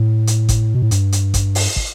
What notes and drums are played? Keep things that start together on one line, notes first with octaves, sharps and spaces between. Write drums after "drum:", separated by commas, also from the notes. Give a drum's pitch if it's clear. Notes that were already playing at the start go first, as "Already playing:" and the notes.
Already playing: A2
drum: hi-hat
drum: kick, hi-hat
B2
A2
G2, drum: hi-hat
drum: hi-hat
drum: kick, hi-hat
drum: open hi-hat
drum: kick